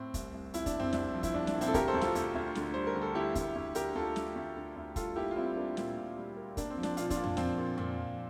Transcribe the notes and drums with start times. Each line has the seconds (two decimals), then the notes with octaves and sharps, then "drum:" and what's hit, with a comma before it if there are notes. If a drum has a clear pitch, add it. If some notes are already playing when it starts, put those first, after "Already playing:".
Already playing: A2 C4
0.14 C2, drum: kick, hi-hat
0.34 C2
0.54 C2 E4, drum: hi-hat
0.66 D4, drum: kick, hi-hat
0.74 C2
0.80 C4, drum: tom F2
0.93 C2 D4, drum: snare
1.14 F3
1.23 E4, drum: kick, hi-hat
1.34 C2 D4
1.47 D4, drum: snare
1.54 A#2
1.61 C4 E4, drum: hi-hat
1.67 A4
1.74 D2 G4 A#4, drum: kick, hi-hat
1.88 A4 C5
1.94 D2
2.01 F4 A4, drum: snare
2.15 D2, drum: hi-hat
2.35 D2
2.55 D3, drum: snare
2.74 G3 C5
2.87 A#4
2.95 D3
3.02 A4
3.15 D3 E4 G4
3.35 D2, drum: kick, hi-hat
3.55 D2
3.75 D3 G4 A#4, drum: hi-hat
3.95 D2 F4 A4
4.16 A3, drum: snare
4.36 D2
4.56 D3
4.76 D2
4.96 G3 F4 A4, drum: kick, hi-hat
5.16 A#3 E4 G4
5.31 F4
5.36 G3 C4 E4
5.56 A#3 D4
5.77 A#2, drum: snare
5.97 A#2
6.16 G3
6.37 A#3
6.57 A#3 D4, drum: kick, hi-hat
6.70 C4
6.77 F3
6.83 D4, drum: snare
6.97 A#2 D4 F4, drum: hi-hat
7.10 D4 F4, drum: kick, hi-hat
7.17 A#2
7.24 D4, drum: tom F2
7.37 F3 C4, drum: snare
7.58 A#2
7.78 A#2, drum: tom F2
7.98 F3